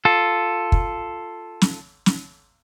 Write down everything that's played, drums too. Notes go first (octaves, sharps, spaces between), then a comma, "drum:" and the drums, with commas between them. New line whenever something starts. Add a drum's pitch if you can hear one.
F4 A4
drum: kick
drum: snare
drum: snare